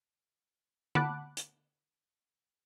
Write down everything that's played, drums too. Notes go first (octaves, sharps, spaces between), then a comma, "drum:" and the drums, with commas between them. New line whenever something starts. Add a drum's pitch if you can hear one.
F#5 A5 B5 D6 F#6, drum: tom D3
drum: hi-hat